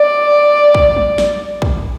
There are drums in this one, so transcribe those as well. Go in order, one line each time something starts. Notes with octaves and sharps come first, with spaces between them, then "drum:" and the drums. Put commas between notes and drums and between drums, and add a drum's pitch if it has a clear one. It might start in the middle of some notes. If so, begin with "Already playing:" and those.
Already playing: D5
drum: kick
drum: tom F#3
drum: snare
drum: kick